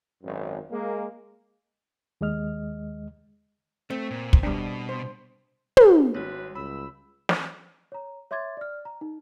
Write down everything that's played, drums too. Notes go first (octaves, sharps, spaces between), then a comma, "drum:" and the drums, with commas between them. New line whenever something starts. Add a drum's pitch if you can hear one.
G#1 F#2
G#3 A#3
D#2 G#3 D#5 F6
A3 C4
A#2
drum: kick
B2 G3 D4
C5
drum: tom
G#1 G3 F#4 B4 C#5
C#2 B5 E6
drum: snare
C#5 A#5
C#5 E5 C6 D6 G#6 A6
D5 F6
A#5
D#4